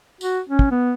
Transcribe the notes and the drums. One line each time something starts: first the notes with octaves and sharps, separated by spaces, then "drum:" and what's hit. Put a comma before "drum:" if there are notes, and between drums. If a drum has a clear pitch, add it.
F#4, drum: tambourine
C#4
drum: kick
B3